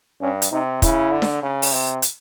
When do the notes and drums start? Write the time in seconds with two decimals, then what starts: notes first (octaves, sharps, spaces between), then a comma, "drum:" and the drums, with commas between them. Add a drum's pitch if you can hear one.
0.21 G2 C#4
0.42 drum: hi-hat
0.52 C3 D#4
0.82 C#3 E4, drum: kick, hi-hat
1.11 D3
1.22 drum: snare D4
1.43 C#3
1.62 drum: open hi-hat
1.72 C3
2.02 drum: hi-hat